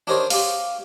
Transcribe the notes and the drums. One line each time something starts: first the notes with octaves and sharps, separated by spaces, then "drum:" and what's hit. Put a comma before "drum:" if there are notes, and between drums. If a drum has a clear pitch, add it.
D4 D#4 G4 A#4 C5 C#5
G4 F5, drum: open hi-hat